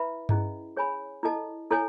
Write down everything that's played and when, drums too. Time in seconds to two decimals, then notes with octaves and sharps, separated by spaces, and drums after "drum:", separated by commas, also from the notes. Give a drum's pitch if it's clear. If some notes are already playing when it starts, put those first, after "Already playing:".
Already playing: E4 B4 E5 B5
0.29 C#4 E4 G#4 D#5, drum: tom G2
0.77 G#4 C#5 G#5 B5
1.23 E4 A4 D#5 A5
1.70 E4 A4 C#5 G#5